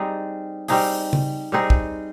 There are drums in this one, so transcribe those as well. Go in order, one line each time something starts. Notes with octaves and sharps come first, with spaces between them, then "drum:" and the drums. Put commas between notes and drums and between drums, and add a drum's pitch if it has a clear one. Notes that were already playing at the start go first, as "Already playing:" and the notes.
Already playing: G3 C4 D#4 G#4
G3 C4 D#4 G#4, drum: open hi-hat
drum: tom C#3
G3 C4 D#4 G#4
drum: kick